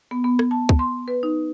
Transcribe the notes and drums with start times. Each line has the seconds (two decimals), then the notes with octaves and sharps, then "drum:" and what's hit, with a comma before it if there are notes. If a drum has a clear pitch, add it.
0.11 B3
0.24 B3
0.39 drum: rim click
0.51 A5
0.69 drum: kick
0.79 C6
1.08 B4
1.23 D#4